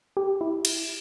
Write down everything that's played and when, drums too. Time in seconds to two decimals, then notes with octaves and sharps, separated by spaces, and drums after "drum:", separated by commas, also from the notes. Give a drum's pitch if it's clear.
0.17 G4
0.41 E4
0.65 drum: cymbal